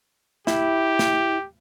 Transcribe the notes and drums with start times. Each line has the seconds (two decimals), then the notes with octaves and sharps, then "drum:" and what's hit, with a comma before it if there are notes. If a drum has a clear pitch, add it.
0.47 E4 G4, drum: snare
0.99 drum: snare